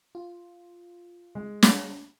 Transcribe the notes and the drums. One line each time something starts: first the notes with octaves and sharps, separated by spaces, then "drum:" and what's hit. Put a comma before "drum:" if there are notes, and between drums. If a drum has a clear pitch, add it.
F4
G#3
drum: snare